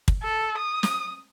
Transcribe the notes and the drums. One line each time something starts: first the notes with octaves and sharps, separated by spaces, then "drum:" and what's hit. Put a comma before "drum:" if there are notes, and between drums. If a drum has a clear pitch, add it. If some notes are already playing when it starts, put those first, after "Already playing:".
drum: kick
A4
D#6
drum: snare